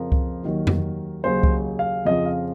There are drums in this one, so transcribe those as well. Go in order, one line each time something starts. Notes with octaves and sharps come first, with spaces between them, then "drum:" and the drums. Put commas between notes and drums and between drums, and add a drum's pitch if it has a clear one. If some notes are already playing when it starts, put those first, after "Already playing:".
Already playing: F2 C#3 F3 A#4
drum: kick C2
D#2 D#3 F#3
drum: tom F2
D#2 C#3 F#3 C5
drum: kick C2
F5
F2 C#3 F3 D#5
F5